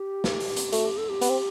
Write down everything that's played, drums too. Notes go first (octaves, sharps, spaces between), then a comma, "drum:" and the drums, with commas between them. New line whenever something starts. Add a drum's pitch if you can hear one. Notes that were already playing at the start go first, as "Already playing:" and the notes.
Already playing: G4
drum: snare
drum: open hi-hat
drum: hi-hat
A3 F#4, drum: hi-hat
G4
A4
G4
B3, drum: hi-hat
C4